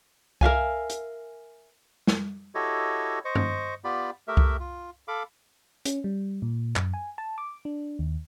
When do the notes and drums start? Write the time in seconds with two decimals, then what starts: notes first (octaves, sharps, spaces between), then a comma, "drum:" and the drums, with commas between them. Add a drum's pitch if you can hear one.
0.41 A#4 E5 F5 G#5, drum: kick C2
0.90 drum: hi-hat
2.07 drum: snare
2.55 E4 F#4 G4 A4 C#5 D#5
3.25 C5 D#5 C#6
3.35 drum: tom G2
3.84 B3 F4 G4 D5 B5
4.28 A3 G4 A#4 E5
4.37 drum: kick C2
4.60 F4
5.08 A4 F5 B5 D6
5.85 C#4, drum: hi-hat
6.04 G3
6.42 A#2
6.76 F#2, drum: clap
6.94 G#5
7.18 A5
7.38 D6
7.65 D4
7.99 D#2